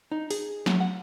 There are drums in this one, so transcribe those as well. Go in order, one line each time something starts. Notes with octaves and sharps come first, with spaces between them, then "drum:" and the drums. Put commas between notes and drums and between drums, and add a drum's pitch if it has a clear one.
D#4
G#4, drum: open hi-hat
F#3, drum: snare
F#5